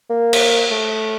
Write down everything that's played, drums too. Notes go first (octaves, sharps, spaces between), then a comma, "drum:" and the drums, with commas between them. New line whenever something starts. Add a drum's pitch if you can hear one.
A#3
drum: cymbal
A3